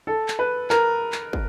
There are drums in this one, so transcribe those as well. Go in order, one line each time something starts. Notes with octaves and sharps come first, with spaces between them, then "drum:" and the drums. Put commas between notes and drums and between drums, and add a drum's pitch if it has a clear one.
A4
drum: clap
B4
A#4, drum: clap
drum: clap
drum: kick